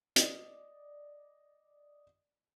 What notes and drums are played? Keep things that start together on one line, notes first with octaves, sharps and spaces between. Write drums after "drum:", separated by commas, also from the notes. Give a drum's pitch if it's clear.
D5 D#5, drum: hi-hat